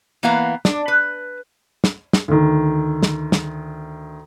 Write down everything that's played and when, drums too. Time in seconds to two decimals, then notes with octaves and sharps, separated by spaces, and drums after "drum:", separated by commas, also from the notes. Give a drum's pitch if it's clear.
0.23 E3 A#3 B3 F5 A#5
0.65 D4, drum: snare
0.88 B4
1.84 drum: snare
2.13 drum: snare
2.28 D2 D#3
3.03 drum: snare
3.32 drum: snare